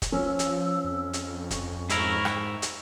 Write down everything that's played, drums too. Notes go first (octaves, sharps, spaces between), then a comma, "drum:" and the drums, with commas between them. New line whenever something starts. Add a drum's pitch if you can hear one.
drum: kick, hi-hat
F3 C#4 E6
drum: hi-hat
F2
drum: hi-hat
C#6, drum: kick, hi-hat
G#2 E4 A#4, drum: hi-hat
drum: rim click
drum: hi-hat